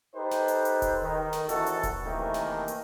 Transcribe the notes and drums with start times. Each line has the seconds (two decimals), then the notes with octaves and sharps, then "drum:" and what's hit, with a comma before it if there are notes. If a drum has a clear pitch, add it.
0.14 D#4 G4 A4 B4 C5
0.31 drum: snare
0.48 drum: hi-hat
0.65 drum: hi-hat
0.82 drum: kick D#1, hi-hat
1.03 D#3
1.33 drum: snare
1.49 A#1 E2 E3 F#4 A4, drum: hi-hat
1.66 drum: hi-hat
1.83 drum: kick D#1, hi-hat
2.05 C3 D#3 E3 A3 A#3
2.34 drum: snare
2.68 drum: hi-hat